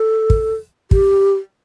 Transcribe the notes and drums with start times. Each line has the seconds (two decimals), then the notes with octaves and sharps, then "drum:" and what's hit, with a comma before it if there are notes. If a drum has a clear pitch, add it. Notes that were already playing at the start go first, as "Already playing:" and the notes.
Already playing: A4
0.30 drum: kick
0.91 G4, drum: kick